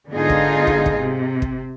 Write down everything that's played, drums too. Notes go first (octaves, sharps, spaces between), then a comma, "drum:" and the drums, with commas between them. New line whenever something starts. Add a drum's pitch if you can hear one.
G#2 D3 B3 D#4 F4 G#4
drum: kick
drum: kick
drum: kick
C3
drum: kick